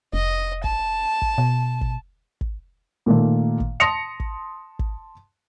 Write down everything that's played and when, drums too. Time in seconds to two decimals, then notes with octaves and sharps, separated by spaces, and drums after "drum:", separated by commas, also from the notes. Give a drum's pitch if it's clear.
0.13 F1 D#5
0.64 A5, drum: kick
1.22 drum: kick
1.38 B2
1.81 drum: kick
2.41 drum: kick
3.06 A#2 D#3 A3
3.60 drum: kick
3.80 A5 C6 D#6 A#6 C#7 F7
4.20 drum: kick
4.79 drum: kick